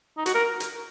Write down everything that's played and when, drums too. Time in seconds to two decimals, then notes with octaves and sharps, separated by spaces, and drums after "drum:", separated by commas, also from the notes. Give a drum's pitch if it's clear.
0.17 D#4
0.26 F#4, drum: hi-hat
0.34 A#4
0.60 drum: hi-hat